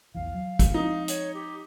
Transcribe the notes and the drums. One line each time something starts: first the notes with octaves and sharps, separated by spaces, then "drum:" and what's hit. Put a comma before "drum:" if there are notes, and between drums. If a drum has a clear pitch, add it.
B1 E2 E3 F5
F#3
drum: kick, hi-hat
F3 G#3 C4 D#4
C#5, drum: hi-hat
G4